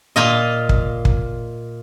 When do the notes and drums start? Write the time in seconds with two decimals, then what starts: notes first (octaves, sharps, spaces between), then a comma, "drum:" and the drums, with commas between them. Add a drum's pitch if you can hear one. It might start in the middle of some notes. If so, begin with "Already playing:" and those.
0.16 A#2 F4 D#5
0.69 drum: kick
1.05 drum: kick